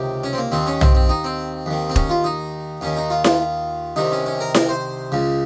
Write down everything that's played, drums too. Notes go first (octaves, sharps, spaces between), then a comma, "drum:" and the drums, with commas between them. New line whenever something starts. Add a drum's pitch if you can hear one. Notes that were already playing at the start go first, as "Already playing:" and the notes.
Already playing: C#2 C3 D#3 G4
C#4
C4
A#3
D#2 D#3 C4
C#4
C4, drum: tom
C4
D#4
C4
D#2 D#3
C4
C#4, drum: kick
F4
D#4
D#2 D#3 C#4
D#4
F4
F4, drum: snare E4
C2 C3 D#3 D#4
C#4
C#4
A#4
A#4, drum: snare E4
C5
C#2 C#3